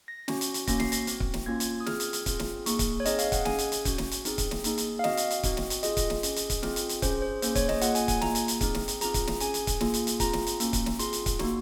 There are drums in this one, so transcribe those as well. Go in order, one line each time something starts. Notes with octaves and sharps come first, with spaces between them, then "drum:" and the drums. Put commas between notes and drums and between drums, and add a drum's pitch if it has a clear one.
A#6
C#4 F#4, drum: snare
drum: hi-hat
drum: hi-hat
A#3 C#4 F#4 A#6, drum: kick C#1, hi-hat
C7, drum: snare
A#6, drum: hi-hat
C4 F#4, drum: hi-hat
drum: kick C#1
drum: snare
A#3 C#4 F4 G#6
drum: hi-hat
D#6
C4 F4 G#4 F6, drum: snare
drum: hi-hat
drum: hi-hat
C4 F4 G#4, drum: kick C#1, hi-hat
drum: snare
A#3 D#4 G#4 C#6, drum: hi-hat
drum: kick C#1, hi-hat
C#5
C4 D#4 G#4 D#5, drum: hi-hat
F5, drum: hi-hat
F#5, drum: kick C#1, hi-hat
C#4 G#4 G#5, drum: snare
drum: hi-hat
drum: hi-hat
C#4 F#4, drum: kick C#1, hi-hat
drum: snare
drum: hi-hat
C4 D#4 G#4, drum: hi-hat
drum: kick C#1, hi-hat
drum: snare
A#3 D#4 G#4, drum: hi-hat
drum: hi-hat
F5
C4 F#4 D#5, drum: snare
drum: hi-hat
drum: hi-hat
C4 D#4 F#4, drum: kick C#1, hi-hat
drum: snare
drum: hi-hat
C4 F4 G#4 D#5, drum: hi-hat
drum: kick C#1, hi-hat
drum: snare
C#4 G#4, drum: hi-hat
drum: hi-hat
drum: kick C#1, hi-hat
C4 F4 G#4, drum: snare
drum: hi-hat
drum: hi-hat
C#4 G#4 C5, drum: kick C#1, hi-hat
C5
A#3 C#4 G#4 C5, drum: hi-hat
C#5, drum: kick C#1, hi-hat
D#5, drum: snare
A#3 F4 G#4 F#5, drum: hi-hat
G#5, drum: hi-hat
G#5, drum: kick C#1, hi-hat
A#3 F4 G#4 A#5, drum: snare
drum: hi-hat
drum: hi-hat
C4 D#4 G#4, drum: kick C#1, hi-hat
drum: snare
drum: hi-hat
C4 F4 G#4 A#5, drum: hi-hat
drum: kick C#1, hi-hat
drum: snare
C#4 G#4 G#5, drum: hi-hat
drum: hi-hat
drum: kick C#1, hi-hat
A#3 F4 G#4, drum: snare
drum: hi-hat
drum: hi-hat
C4 F4 G#4 A#5, drum: kick C#1, hi-hat
drum: snare
drum: hi-hat
A#3 C#4 F#4, drum: hi-hat
drum: kick C#1, hi-hat
drum: snare
C4 F4 G#4 C6, drum: hi-hat
drum: hi-hat
drum: kick C#1, hi-hat
A#3 D#4 F#4, drum: snare